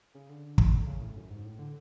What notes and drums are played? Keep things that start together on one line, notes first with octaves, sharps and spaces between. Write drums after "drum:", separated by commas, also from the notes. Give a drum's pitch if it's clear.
C#3
D3
drum: kick
C#3
A2
F#2
G#2
A2
D3